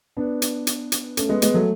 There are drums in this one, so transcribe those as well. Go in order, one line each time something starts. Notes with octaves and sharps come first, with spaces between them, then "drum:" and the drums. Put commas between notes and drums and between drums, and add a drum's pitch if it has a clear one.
B3 D4
drum: hi-hat
drum: hi-hat
drum: hi-hat
A3 C#4, drum: hi-hat
G#3 B3
G#3 B3, drum: hi-hat
F#3 A3